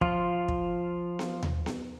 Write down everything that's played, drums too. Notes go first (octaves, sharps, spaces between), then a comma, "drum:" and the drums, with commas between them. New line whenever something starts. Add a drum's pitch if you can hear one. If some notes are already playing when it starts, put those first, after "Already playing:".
F3 F4, drum: kick
drum: kick
drum: snare B3
drum: tom D#2
drum: snare B3